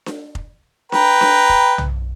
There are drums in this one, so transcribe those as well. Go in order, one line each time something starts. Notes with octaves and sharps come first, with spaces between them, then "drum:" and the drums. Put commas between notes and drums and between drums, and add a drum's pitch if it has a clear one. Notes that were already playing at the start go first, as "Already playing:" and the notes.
drum: snare D4
drum: kick
B4 G5 A#5, drum: snare D4
drum: snare D4
drum: kick
drum: tom